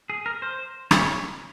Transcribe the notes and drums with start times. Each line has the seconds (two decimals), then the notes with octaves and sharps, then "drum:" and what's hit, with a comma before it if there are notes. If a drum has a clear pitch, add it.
0.10 G#4
0.26 A#4
0.42 C5
0.91 C#5, drum: rim click